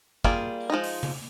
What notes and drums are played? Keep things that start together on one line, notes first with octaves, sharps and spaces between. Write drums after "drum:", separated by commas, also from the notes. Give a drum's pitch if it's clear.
G3 A#3 F4 G#4, drum: kick
F3 G#3 D#4
drum: open hi-hat
drum: tom C#3